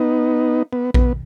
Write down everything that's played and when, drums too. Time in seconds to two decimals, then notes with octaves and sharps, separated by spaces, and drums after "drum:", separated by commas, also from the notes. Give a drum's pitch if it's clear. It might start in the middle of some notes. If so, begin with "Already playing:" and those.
Already playing: B3 D#4
0.73 B3
0.94 B3, drum: kick A#1